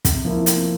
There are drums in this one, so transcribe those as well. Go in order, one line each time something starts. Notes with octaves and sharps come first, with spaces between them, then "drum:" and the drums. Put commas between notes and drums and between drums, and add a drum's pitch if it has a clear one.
C3, drum: kick, hi-hat
F3 A#3 E4
C3, drum: hi-hat